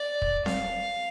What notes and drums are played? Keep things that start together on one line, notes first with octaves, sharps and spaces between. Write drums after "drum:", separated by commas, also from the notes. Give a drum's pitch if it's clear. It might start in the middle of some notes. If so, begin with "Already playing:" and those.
Already playing: D5
drum: kick
F5, drum: snare C4